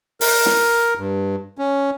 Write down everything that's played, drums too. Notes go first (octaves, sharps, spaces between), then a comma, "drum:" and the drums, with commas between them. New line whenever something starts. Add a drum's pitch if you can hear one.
A#4, drum: open hi-hat
drum: snare
G2
C#4